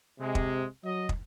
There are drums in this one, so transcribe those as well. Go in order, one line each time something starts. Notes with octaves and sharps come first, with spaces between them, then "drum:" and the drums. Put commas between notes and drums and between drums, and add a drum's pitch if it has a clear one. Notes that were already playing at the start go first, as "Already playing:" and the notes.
C3 G#3
drum: kick
F#3 D#5
drum: kick